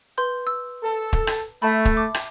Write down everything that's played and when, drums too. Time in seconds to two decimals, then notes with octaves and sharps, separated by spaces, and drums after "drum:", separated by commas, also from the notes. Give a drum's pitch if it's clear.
0.18 B4 C6 G6
0.47 E6
0.84 A4
1.13 drum: kick
1.27 drum: rim click
1.62 A3 E5 A5 B5
1.85 drum: kick
1.97 D6
2.14 drum: rim click